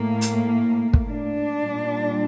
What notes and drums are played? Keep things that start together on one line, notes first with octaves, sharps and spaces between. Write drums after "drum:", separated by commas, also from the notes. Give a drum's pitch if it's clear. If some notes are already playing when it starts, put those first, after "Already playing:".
Already playing: A2 A3 A#3
drum: hi-hat
drum: kick
D4
A#2 G3